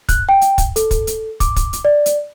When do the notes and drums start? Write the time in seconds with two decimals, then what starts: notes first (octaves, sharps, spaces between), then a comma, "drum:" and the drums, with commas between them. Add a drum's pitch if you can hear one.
0.09 F#6, drum: kick, hi-hat
0.29 G5
0.41 drum: hi-hat
0.58 drum: kick, hi-hat
0.76 A4, drum: hi-hat
0.91 drum: kick, hi-hat
1.07 drum: hi-hat
1.40 D6, drum: kick, hi-hat
1.56 drum: kick, hi-hat
1.73 drum: hi-hat
1.85 D5
2.06 drum: hi-hat